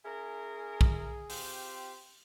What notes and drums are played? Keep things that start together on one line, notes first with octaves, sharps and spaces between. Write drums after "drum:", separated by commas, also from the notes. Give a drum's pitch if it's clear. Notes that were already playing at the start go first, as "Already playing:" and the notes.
C#4 E4 G#4 A#4
drum: kick B1
C4 F4 G4, drum: open hi-hat